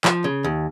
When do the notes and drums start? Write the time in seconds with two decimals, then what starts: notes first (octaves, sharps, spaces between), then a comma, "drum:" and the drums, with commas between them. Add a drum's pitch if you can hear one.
0.05 F3, drum: clap
0.24 C#3
0.44 D#2